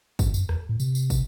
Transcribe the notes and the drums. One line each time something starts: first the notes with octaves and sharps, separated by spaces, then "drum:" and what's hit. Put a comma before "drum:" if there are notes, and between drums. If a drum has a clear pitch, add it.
G#2, drum: kick, tambourine
F#2, drum: tambourine
E2, drum: rim click
A2
C3, drum: tambourine
drum: tambourine
drum: kick, tambourine